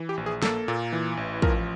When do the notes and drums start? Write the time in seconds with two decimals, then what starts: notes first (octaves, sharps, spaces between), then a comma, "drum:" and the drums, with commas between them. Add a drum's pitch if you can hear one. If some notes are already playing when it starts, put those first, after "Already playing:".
Already playing: E3
0.09 G4
0.17 A#1
0.26 G#4
0.42 A#3 A4, drum: snare
0.68 A#2
0.93 E3
1.17 A1
1.42 F3 A#4, drum: kick